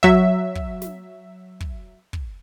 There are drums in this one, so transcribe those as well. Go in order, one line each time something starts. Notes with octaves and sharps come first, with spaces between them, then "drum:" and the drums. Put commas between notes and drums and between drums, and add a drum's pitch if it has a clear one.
F#3 E5, drum: kick
drum: kick
drum: snare
drum: kick
drum: kick